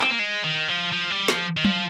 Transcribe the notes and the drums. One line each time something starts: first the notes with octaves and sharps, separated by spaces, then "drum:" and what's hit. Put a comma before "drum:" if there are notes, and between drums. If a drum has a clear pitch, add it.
C4, drum: clap
A#3
G#3
D#3
F3
F3
G3
F3, drum: snare
D#3
F3, drum: tom F#3